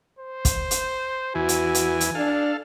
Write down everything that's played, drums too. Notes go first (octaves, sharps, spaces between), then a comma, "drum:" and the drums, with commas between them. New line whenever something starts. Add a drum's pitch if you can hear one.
C5
drum: kick, hi-hat
drum: hi-hat
E2 E3 F#4 G#5
drum: hi-hat
drum: hi-hat
drum: hi-hat
D4 A4 F5